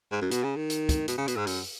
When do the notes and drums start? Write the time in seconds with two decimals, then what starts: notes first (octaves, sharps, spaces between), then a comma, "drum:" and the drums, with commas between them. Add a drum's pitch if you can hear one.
0.12 G#2
0.22 F#2
0.31 B2, drum: hi-hat
0.44 C#3
0.57 D#3
0.70 drum: hi-hat
0.89 drum: kick, hi-hat
1.08 B2, drum: hi-hat
1.18 C#3
1.28 B2, drum: hi-hat
1.37 G#2
1.47 F#2, drum: open hi-hat